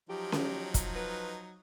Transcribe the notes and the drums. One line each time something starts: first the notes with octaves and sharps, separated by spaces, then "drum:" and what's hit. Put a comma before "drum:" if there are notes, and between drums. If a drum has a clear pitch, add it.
F3 F#3 D#4 G4
drum: snare C#4
drum: kick, hi-hat
B4